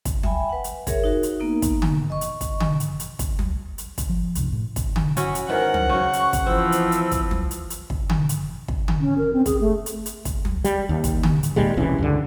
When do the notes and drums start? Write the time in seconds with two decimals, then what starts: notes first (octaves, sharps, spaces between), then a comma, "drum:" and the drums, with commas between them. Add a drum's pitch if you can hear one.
0.05 drum: kick, hi-hat
0.23 E5 G5 G#5 B5, drum: tom
0.49 B4 F#5
0.64 drum: hi-hat
0.87 G#4 A#4 C#5 E5, drum: kick, hi-hat
1.04 D#4 F#4 A#4
1.23 drum: hi-hat
1.40 A#3 B3 D#4
1.62 drum: kick, hi-hat
1.82 drum: tom D3
2.10 D#5 C#6
2.21 drum: hi-hat
2.41 drum: kick, hi-hat
2.60 drum: tom D3
2.80 drum: hi-hat
3.00 drum: hi-hat
3.19 drum: kick, hi-hat
3.39 drum: tom
3.78 drum: hi-hat
3.98 drum: kick, hi-hat
4.09 F3
4.35 C2 F#2 C3, drum: hi-hat
4.52 A2
4.76 drum: kick, hi-hat
4.96 drum: tom D3
5.17 C#4 E4 F#4 F#5, drum: hi-hat
5.35 drum: hi-hat
5.49 G#2 D#3 E3 A#4 F#5
5.74 drum: tom
5.89 C#3 F#3 C#6
6.13 drum: hi-hat
6.33 drum: kick, hi-hat
6.46 E3 F3 C4 E6
6.72 drum: hi-hat
6.92 drum: hi-hat
7.11 drum: kick, hi-hat
7.31 drum: tom
7.51 drum: hi-hat
7.70 drum: hi-hat
7.90 drum: kick
8.09 drum: tom D3
8.29 drum: hi-hat
8.68 drum: kick
8.88 drum: tom D3
9.01 C#4
9.18 A#4
9.33 C4
9.46 G#4, drum: kick, hi-hat
9.61 A3
9.86 drum: hi-hat
10.06 drum: hi-hat
10.25 drum: kick, hi-hat
10.45 drum: tom
10.64 G3, drum: hi-hat
10.89 D#2
11.04 drum: kick, hi-hat
11.23 drum: tom D3
11.43 drum: hi-hat
11.56 D#2 A#2 G3 G#3
11.77 E1 C2 E3 C#4
11.98 C#2 G2 D3